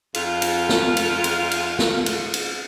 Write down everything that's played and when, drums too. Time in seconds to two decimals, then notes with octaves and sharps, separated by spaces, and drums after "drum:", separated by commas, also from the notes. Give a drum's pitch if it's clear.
0.14 F2 F4, drum: cymbal
0.42 drum: cymbal
0.69 drum: snare
0.97 drum: cymbal
1.24 drum: cymbal
1.51 drum: cymbal
1.79 drum: snare
2.06 drum: cymbal
2.34 drum: cymbal